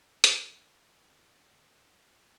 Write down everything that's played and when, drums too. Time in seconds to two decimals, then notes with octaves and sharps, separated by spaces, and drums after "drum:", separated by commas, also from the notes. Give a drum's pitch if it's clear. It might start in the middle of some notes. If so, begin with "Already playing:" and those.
0.24 D3 G#3 B3 D#4, drum: hi-hat
1.02 A2 E3 G#3 C4
1.42 D3